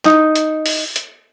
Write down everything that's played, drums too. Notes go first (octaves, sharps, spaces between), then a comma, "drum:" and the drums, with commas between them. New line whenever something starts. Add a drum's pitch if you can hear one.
D#4, drum: clap
drum: hi-hat
drum: open hi-hat
drum: hi-hat